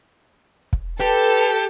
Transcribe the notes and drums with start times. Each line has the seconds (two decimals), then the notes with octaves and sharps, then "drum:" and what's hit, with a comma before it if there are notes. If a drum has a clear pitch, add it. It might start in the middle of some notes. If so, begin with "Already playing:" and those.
0.73 drum: kick
1.00 G4 A4 B4